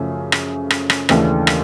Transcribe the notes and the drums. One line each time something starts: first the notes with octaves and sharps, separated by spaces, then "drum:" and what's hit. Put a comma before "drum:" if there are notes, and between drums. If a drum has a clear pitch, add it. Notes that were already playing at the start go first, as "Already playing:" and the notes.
Already playing: F#2 C#3 F3 A3
drum: rim click
drum: rim click
drum: rim click
D#2 C#3 E3 A3 D4, drum: rim click
drum: rim click